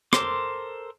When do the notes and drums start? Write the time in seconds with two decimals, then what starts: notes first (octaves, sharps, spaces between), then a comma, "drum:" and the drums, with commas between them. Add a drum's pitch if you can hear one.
0.13 A4 A#4 C5 C6 D6, drum: rim click